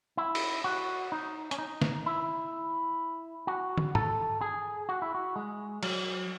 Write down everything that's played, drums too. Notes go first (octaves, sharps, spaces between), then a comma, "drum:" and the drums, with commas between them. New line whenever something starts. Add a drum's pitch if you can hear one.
E4
drum: cymbal
F#4
D#4
C#4, drum: hi-hat
D#4
drum: snare
E4
F#4
drum: tom
A4, drum: tom G#2
G#4
F#4
E4
F#4
G#3
F#3, drum: cymbal